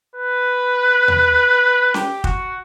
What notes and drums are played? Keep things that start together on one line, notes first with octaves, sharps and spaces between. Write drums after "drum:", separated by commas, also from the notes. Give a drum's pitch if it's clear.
B4
drum: tom D#2
G4, drum: snare C#4
F#4, drum: kick